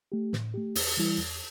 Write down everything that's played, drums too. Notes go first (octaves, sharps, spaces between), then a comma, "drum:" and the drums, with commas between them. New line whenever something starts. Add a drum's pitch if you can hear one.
A3 G4
A2, drum: snare
A3 G4
E2, drum: open hi-hat
E3 G3 E4
E2